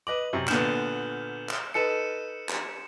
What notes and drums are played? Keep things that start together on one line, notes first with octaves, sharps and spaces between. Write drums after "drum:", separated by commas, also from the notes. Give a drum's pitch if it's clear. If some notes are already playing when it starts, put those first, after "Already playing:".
B4 D#5 D6 F#7
F#2 C3
A#2 D3 B3 F6 G6 E7, drum: clap
drum: clap
D#4 A4 B4 C#7 E7
drum: clap